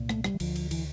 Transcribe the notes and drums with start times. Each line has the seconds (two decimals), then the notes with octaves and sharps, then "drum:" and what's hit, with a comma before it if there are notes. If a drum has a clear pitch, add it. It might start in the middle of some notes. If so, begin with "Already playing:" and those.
Already playing: C2 A#2
0.09 A3, drum: rim click
0.24 G3, drum: rim click
0.34 E3
0.40 D2 D3 F3, drum: cymbal
0.56 drum: cymbal
0.71 E3, drum: cymbal